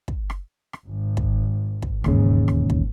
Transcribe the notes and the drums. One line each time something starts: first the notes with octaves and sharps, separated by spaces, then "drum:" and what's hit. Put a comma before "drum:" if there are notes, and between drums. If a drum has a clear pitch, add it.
drum: kick
drum: rim click
drum: rim click
G#1
drum: kick
drum: kick
E1 D#2 G#2 C#3, drum: rim click
drum: rim click
drum: kick